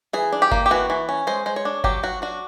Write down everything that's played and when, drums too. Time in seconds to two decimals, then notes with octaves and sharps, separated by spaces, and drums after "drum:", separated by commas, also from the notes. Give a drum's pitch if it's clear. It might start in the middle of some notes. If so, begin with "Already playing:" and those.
0.13 E3 G#4
0.32 D4
0.42 G4
0.51 A#3, drum: kick G1
0.66 G4
0.71 E3 F#4
0.90 E3
1.09 C#4
1.27 G#3 C5
1.46 G#3 C5
1.56 C#5
1.65 D4
1.84 F#3 G4, drum: kick G1
2.03 F#3 F#4
2.22 D4 F#4